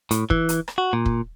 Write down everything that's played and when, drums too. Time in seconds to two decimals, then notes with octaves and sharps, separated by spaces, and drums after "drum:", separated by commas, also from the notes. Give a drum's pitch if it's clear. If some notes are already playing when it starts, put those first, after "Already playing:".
0.11 A2, drum: hi-hat
0.30 E3, drum: kick
0.49 drum: hi-hat
0.68 drum: rim click
0.78 F#4
0.93 A#2
1.05 drum: kick